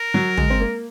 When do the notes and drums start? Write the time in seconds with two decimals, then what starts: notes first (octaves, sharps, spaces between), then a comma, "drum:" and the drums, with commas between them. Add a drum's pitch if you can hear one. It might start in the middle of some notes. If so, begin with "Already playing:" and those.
Already playing: A#4
0.14 F#3
0.37 G#3, drum: tom
0.50 C4
0.61 A#3